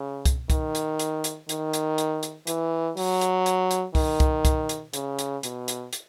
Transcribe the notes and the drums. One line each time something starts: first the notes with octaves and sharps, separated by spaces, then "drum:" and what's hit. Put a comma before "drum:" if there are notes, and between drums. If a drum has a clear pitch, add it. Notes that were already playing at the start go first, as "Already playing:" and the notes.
Already playing: C#3
drum: kick C2, hi-hat
D#3, drum: kick C2, hi-hat
drum: hi-hat
drum: hi-hat
drum: hi-hat
D#3, drum: hi-hat
drum: hi-hat
drum: hi-hat
drum: hi-hat
E3, drum: hi-hat
F#3, drum: open hi-hat
drum: hi-hat
drum: hi-hat
drum: hi-hat
D#3, drum: kick C2, open hi-hat
drum: kick C2, hi-hat
drum: kick C2, hi-hat
drum: hi-hat
C#3, drum: hi-hat
drum: hi-hat
B2, drum: hi-hat
drum: hi-hat
drum: hi-hat